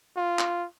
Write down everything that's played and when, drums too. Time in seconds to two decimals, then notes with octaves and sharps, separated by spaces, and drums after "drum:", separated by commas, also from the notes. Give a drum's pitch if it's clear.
0.17 F4
0.39 drum: clap